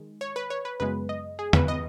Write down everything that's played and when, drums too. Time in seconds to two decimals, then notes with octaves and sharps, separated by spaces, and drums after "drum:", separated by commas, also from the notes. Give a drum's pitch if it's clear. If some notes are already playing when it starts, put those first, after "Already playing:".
Already playing: D#3 G#3
0.21 C#5
0.36 B4
0.50 C#5
0.65 B4
0.80 F#2 C#3 G#3 B3 B4
1.09 D#5
1.39 G#4
1.53 B4, drum: tom E2
1.68 D#5